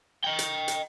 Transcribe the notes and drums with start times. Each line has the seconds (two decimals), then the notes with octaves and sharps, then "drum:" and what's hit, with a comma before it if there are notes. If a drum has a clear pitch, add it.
0.24 D#5 G5
0.39 drum: hi-hat
0.68 drum: hi-hat